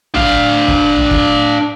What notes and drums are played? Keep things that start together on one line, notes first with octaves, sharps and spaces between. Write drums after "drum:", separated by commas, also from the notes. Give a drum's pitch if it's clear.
D4 F5, drum: tom
drum: kick
drum: tom
drum: kick